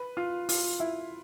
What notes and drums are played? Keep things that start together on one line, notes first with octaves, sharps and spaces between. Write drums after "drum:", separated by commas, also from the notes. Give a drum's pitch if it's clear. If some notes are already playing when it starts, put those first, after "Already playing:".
Already playing: B4
F4
F4, drum: open hi-hat
E4